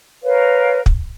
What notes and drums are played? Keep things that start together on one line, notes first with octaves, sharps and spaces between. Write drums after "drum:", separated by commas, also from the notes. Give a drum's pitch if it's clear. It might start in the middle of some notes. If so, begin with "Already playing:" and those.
A#4 B4 C#5 F5
drum: kick